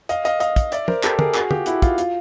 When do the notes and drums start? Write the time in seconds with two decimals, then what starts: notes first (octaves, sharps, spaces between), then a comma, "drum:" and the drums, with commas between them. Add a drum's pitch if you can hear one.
0.09 D#5 F5, drum: hi-hat
0.25 D#5 F5, drum: hi-hat
0.40 D#5 F5, drum: hi-hat
0.56 drum: kick, hi-hat
0.72 D5 E5, drum: hi-hat
0.88 A#4 C5, drum: tom
1.04 G4 A4, drum: clap
1.19 G#4 A#4, drum: tom
1.34 F#4 G#4, drum: clap
1.51 F4 G4, drum: tom
1.66 E4 F#4, drum: hi-hat
1.82 F4, drum: kick, hi-hat
1.98 F4, drum: hi-hat